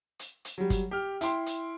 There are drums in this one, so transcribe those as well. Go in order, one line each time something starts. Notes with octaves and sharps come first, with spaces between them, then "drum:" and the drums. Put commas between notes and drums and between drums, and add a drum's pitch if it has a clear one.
drum: hi-hat
drum: hi-hat
F#3 G3
drum: kick G1, hi-hat
G4 F6
E4 G5 C6, drum: hi-hat
drum: hi-hat